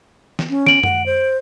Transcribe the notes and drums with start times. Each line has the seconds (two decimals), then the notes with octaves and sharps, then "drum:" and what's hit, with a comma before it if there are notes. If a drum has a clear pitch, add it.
0.39 drum: snare
0.50 C#4
0.67 D7 F#7, drum: snare
0.83 F#5, drum: tom F#2
1.06 C5